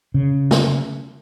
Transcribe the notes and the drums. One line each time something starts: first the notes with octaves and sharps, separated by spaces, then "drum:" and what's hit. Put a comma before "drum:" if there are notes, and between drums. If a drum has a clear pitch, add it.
C#3
drum: snare